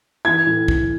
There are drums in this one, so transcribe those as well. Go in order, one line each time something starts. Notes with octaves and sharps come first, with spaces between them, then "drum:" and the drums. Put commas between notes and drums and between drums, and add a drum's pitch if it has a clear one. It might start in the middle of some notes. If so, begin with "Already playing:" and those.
E3 G#6
A2
A2, drum: kick